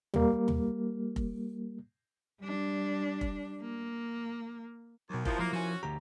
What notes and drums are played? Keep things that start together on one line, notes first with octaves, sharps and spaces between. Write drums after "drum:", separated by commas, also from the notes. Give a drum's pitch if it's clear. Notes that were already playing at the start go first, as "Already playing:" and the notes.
G3 A#3, drum: tom
drum: tom
drum: kick F1
G3 D4
drum: kick F1
A#3
D#2 B2 F#3
D#2 F3 E4 F4 A#4, drum: kick F1
F3 F#3 A#3
F3 C#4 F#4 G#5
D2 G4 A#5